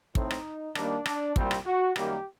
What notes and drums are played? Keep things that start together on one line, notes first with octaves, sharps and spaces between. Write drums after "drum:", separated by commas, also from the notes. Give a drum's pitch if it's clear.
A2 A3 C4 D#4, drum: kick
drum: rim click
D#2 D#3 G3 A#3 D4, drum: rim click
D4, drum: rim click
C2 A#2 G3 C4, drum: kick
drum: rim click
F#4
F#2 D#3 G3 A#3 G4, drum: rim click